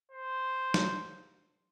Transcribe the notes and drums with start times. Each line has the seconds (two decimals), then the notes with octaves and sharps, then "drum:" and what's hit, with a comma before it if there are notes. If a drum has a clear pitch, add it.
0.11 C5
0.74 drum: snare